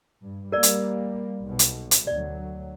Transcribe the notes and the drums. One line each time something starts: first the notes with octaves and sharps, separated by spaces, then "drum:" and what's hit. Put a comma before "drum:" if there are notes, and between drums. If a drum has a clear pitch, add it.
G2
G3 A#3 A#4 D5
drum: hi-hat
B1 B2
drum: hi-hat
drum: hi-hat
D2 F#3 D5